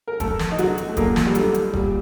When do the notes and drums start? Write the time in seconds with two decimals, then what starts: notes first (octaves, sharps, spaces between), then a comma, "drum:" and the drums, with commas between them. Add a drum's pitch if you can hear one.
0.08 A#4
0.20 F#2 A3 A4, drum: kick E1, hi-hat
0.39 drum: snare
0.52 D#4
0.58 D3 F#3 F#4, drum: hi-hat
0.78 drum: hi-hat
0.88 A3
0.97 F#2 A#2 A#3, drum: kick E1, hi-hat
1.16 drum: snare
1.27 G3
1.35 D3 F#3 A3, drum: hi-hat
1.54 drum: hi-hat
1.73 A#2 G3, drum: kick E1